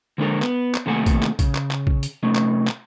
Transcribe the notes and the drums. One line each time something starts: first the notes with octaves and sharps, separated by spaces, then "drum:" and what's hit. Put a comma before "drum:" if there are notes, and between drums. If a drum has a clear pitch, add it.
D3 G#3 D4 A4 A#4
B3, drum: clap
drum: clap
D#2 C3 A3 A4 F#5 G#5
drum: kick, hi-hat
drum: clap
C#3, drum: kick, hi-hat
drum: clap
drum: clap
drum: kick
drum: hi-hat
C3 A3 C#4
drum: clap
drum: clap